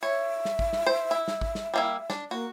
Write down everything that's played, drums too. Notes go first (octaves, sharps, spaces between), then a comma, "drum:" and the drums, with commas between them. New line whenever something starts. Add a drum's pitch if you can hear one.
C#5 E5
drum: snare
drum: kick
drum: snare
C5
E4
drum: snare
drum: kick
drum: snare
G3 A#3 E4
D4, drum: snare
A#3 F#4